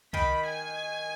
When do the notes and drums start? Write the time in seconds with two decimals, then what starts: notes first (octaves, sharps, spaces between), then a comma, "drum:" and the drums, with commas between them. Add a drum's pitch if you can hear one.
0.13 D#3 B5, drum: kick C2
0.45 G#5